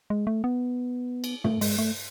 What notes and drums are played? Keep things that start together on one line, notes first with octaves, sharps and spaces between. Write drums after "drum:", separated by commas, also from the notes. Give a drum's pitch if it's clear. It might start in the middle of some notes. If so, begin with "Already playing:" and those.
G#3
A3
B3
drum: cymbal
A3, drum: tom
G#3, drum: open hi-hat
A3